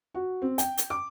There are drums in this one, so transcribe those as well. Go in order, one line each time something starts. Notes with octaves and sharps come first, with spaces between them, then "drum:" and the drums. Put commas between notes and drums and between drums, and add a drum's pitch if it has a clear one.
F#4
C4
G5, drum: hi-hat
drum: hi-hat
D6